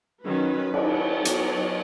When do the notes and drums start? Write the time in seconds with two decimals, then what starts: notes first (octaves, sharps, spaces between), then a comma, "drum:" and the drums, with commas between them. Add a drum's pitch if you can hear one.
0.24 D#3 F#3 C#4 B4
0.74 drum: cymbal
1.25 F#3 B3 C#5, drum: hi-hat